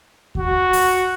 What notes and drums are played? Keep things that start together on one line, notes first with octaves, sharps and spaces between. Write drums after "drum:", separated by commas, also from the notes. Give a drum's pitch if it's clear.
F#4, drum: kick D#2
drum: open hi-hat